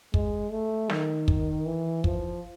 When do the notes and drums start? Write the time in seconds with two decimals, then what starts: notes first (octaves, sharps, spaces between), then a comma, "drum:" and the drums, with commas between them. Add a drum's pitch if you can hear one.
0.14 G#3, drum: kick
0.51 A3
0.90 D#3, drum: snare
1.28 drum: kick
1.66 E3
2.04 F3, drum: kick